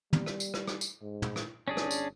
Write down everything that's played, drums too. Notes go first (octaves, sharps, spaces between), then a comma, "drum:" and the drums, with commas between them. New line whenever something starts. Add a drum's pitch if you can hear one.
G3, drum: tom
drum: rim click
drum: tambourine
drum: rim click
drum: rim click
drum: tambourine
G#2
drum: tom
drum: rim click
G1 C#4 D4 G#4
drum: rim click
drum: tambourine